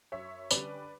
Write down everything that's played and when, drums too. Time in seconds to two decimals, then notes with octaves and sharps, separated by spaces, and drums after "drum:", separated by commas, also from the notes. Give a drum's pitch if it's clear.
0.12 F#2 C#5 E5
0.51 D3 G3 C#4 B4 D5, drum: tambourine